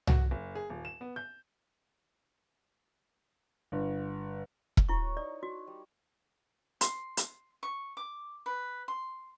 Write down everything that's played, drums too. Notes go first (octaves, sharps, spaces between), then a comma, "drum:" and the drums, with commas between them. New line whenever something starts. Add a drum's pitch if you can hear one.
F#4, drum: tom C2
F#1
G#4
D#1
E7
B3
G6
G1
drum: kick E1
E4 F#4 B4 C#5 C#6
D#4 D5
F#4
G3
C6, drum: hi-hat
drum: hi-hat
C#6
D6
B4
C6